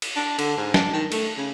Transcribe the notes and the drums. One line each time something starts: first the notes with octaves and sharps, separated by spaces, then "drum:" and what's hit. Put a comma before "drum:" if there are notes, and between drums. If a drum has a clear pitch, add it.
drum: cymbal
D4
D3, drum: cymbal
G#2
D4, drum: snare
D#3
A3, drum: cymbal
C#3